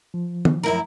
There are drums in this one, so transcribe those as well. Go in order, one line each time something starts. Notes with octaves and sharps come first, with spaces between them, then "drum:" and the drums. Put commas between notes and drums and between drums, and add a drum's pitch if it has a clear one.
F3
drum: tom
F#2 E4 A#4